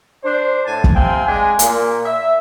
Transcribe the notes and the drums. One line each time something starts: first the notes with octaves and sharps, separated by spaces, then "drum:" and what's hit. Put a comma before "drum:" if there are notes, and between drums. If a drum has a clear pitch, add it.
D4 C5
A2 G#5 A5
drum: kick
C3 C4 F5 G5 G#5
G#3 D4 G#5
A#2 A#3, drum: hi-hat
E5